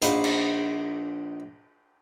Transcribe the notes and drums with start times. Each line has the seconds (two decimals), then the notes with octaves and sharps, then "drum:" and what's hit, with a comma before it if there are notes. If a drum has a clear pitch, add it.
0.02 A#1 D#4 B4 C5 F5 F#5, drum: hi-hat
0.24 drum: cymbal